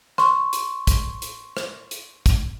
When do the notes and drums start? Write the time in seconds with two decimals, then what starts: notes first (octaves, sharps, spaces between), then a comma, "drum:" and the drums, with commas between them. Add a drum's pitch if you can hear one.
0.18 C6 C#6, drum: rim click
0.53 drum: hi-hat
0.87 drum: kick, hi-hat
1.22 drum: hi-hat
1.57 drum: rim click
1.91 drum: hi-hat
2.26 drum: kick, hi-hat